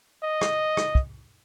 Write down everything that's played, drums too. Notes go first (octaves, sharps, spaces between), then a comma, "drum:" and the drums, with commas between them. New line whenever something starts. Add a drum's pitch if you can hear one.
D#5
drum: rim click
drum: rim click
drum: kick